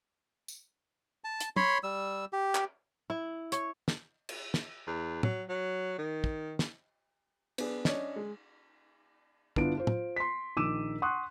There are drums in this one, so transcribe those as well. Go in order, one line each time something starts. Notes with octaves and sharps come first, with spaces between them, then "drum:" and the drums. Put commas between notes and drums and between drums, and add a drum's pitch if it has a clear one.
drum: tambourine
A5
drum: hi-hat
C#5 B5 C6, drum: tom
G3 E6
G4
drum: clap
E4
C#5, drum: hi-hat
drum: snare
drum: cymbal
drum: snare
E2
F#3, drum: tom
F#3
D#3
drum: kick
drum: snare
B3 D4 G#4, drum: cymbal
C#4 D4 C#5 D#5, drum: snare
G#3
G1 B3 D4 E4 F4 D7, drum: kick
F4 C5
drum: tom
C6 B6
A#1 D#3 D6 E6 D#7 E7
F#5 C6 C#6 D#6 F#6